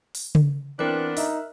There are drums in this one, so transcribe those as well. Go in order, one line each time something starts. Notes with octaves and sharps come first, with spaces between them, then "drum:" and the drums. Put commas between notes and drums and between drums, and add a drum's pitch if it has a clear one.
drum: open hi-hat
drum: tom C#3
E3 B3 C4 D4 A#4 F#6
D#4 E5, drum: open hi-hat